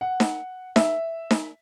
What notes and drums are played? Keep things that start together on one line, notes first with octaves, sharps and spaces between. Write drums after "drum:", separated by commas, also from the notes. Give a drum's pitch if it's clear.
F#5
drum: snare D#4
E5, drum: snare D#4
drum: snare D#4